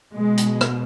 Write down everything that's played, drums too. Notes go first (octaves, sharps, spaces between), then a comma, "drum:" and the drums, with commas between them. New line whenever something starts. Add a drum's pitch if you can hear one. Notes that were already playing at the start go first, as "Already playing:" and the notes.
B2 G#3
drum: hi-hat
drum: rim click